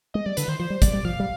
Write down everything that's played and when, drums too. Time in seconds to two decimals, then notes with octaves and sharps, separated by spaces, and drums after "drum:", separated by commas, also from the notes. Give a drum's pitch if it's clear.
0.14 G#3 D#5
0.26 G3 D5
0.37 D3 B4, drum: hi-hat
0.48 D#3 C5
0.60 F3 C5
0.70 G3
0.82 G3 D5, drum: kick, hi-hat
0.93 G3
1.05 F3 F5
1.20 G3